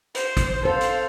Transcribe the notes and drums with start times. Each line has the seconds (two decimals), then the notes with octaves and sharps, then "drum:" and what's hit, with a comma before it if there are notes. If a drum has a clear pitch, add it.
0.15 C5, drum: hi-hat
0.37 drum: kick, hi-hat
0.65 A4 C5 F5
0.81 drum: hi-hat